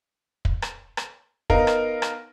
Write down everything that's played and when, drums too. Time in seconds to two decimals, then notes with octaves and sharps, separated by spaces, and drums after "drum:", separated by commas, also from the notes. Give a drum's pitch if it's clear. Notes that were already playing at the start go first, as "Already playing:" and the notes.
0.45 drum: kick
0.62 drum: rim click
0.97 drum: rim click
1.50 B3 D#4 A#4 F5, drum: kick
1.67 drum: rim click
2.02 drum: rim click